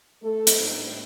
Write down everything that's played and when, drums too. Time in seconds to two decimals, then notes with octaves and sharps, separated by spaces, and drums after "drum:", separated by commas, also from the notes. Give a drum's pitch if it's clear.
0.22 A3 A4
0.47 drum: hi-hat
0.58 A2 G3 D4 D#4